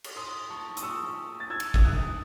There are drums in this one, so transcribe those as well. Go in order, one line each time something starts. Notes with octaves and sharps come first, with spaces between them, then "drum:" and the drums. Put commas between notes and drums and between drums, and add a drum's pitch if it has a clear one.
drum: cymbal
C6 D#6
A5 C#6
D#6, drum: hi-hat
C#6 E6
A6
E6 G#6
drum: cymbal
E6, drum: kick A1
D#6 F#6